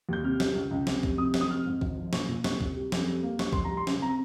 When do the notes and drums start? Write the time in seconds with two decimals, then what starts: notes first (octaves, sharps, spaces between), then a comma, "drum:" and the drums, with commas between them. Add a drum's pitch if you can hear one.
0.09 D#2 G6
0.24 C3 F6
0.40 G3, drum: snare
0.55 C#2
0.71 C#2
0.87 C3, drum: snare
1.03 F1, drum: kick
1.18 C3 D#6
1.34 F1, drum: snare
1.41 D#6
1.50 C4 F6
1.66 G#2
1.81 G#1, drum: kick
1.98 F3
2.13 A#2 C#6, drum: snare
2.29 A#2
2.44 C2 C#6, drum: snare
2.61 C2, drum: kick
2.77 G3
2.92 F2, drum: snare
3.08 G3
3.23 A#3
3.39 G3 C#6, drum: snare
3.53 F1 C6, drum: kick
3.65 A#5
3.71 G3
3.77 C6
3.87 C#3, drum: snare
4.02 C4 A#5